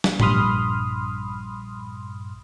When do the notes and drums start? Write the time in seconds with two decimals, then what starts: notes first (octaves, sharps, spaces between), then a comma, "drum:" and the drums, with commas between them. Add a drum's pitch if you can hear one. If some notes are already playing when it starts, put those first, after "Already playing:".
0.04 drum: snare
0.20 A#1 G2 B5 C6 D#6 F6, drum: tom G#2